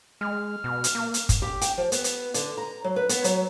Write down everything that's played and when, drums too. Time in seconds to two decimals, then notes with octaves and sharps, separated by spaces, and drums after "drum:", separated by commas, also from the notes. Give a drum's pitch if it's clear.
0.21 G#3 F6
0.64 B2
0.84 drum: hi-hat
0.95 A#3
1.14 drum: hi-hat
1.29 drum: kick F#1, hi-hat
1.42 G4
1.61 G5, drum: hi-hat
1.78 F3
1.92 B3, drum: hi-hat
2.04 drum: hi-hat
2.34 D3, drum: hi-hat
2.58 A#5
2.84 F#3
2.96 B4
3.09 B3, drum: hi-hat
3.24 F#3, drum: hi-hat